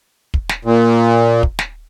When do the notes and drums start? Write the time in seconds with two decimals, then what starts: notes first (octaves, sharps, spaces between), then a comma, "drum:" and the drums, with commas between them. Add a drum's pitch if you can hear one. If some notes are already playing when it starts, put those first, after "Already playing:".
0.34 drum: kick
0.49 drum: snare
0.65 A#2
1.43 drum: kick
1.59 drum: snare